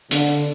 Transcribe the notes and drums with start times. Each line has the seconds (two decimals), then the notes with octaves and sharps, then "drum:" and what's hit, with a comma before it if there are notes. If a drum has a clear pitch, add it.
0.11 D3, drum: hi-hat